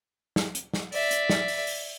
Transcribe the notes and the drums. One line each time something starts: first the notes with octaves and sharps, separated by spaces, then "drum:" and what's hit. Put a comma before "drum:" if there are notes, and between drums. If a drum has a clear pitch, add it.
drum: snare
drum: hi-hat
drum: snare
D5 E5, drum: open hi-hat
drum: hi-hat
drum: snare
drum: open hi-hat
drum: open hi-hat